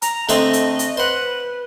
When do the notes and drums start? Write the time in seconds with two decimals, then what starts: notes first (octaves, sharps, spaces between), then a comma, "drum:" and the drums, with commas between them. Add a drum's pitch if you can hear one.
0.02 A#5, drum: hi-hat
0.29 D3 A3 C4 D#5, drum: hi-hat
0.53 drum: hi-hat
0.79 drum: hi-hat
0.97 B4 C5 F#5